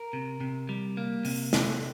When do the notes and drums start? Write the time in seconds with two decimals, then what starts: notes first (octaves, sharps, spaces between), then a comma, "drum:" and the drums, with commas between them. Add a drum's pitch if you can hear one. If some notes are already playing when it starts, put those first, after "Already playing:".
Already playing: A#4
0.13 C3
0.41 C3
0.69 G3
0.97 A#3
1.25 C3, drum: open hi-hat
1.53 C3, drum: snare